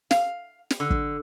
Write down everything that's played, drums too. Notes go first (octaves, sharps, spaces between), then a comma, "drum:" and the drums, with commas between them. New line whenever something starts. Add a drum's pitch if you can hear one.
F5, drum: snare
drum: snare
D3
drum: kick